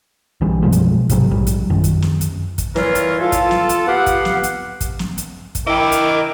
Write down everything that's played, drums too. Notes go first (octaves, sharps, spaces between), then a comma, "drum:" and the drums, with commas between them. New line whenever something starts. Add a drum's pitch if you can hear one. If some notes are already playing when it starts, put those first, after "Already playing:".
B1 E3 G3
F#2 B2 F3 G#3
drum: hi-hat
G#2 C3 F#3, drum: kick, hi-hat
A#1 G3
drum: hi-hat
F#2 D#3
drum: kick, hi-hat
drum: snare
drum: hi-hat
drum: kick, hi-hat
E3 G3 F4 A#4 C#5, drum: snare
drum: hi-hat
F4 A4
drum: kick, hi-hat
drum: snare
drum: hi-hat
B3 G4 F5 F#5
drum: kick, hi-hat
drum: snare
drum: hi-hat
drum: kick, hi-hat
drum: snare
drum: hi-hat
drum: kick, hi-hat
E4 A#4 D#5 G5 D6
drum: hi-hat